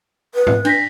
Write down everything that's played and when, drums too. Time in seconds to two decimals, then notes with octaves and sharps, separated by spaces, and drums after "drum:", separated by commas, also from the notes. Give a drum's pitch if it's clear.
0.34 B4
0.47 drum: tom G#2
0.65 D4 A#6 B6, drum: cymbal